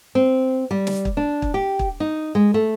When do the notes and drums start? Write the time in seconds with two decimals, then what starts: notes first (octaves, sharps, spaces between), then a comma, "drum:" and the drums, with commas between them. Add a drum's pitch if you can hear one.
0.15 C4
0.71 G3
0.87 drum: snare
1.05 drum: kick
1.17 D4
1.42 drum: kick
1.54 G4
1.79 drum: kick
2.00 D#4
2.35 G#3
2.54 A3